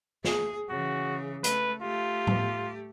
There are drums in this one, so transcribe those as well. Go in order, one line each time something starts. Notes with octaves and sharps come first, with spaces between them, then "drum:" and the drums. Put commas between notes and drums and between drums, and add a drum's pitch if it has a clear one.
G#4, drum: snare
C#3 E3 F#4
A3 B4, drum: hi-hat
A3 F4 G4
drum: tom A2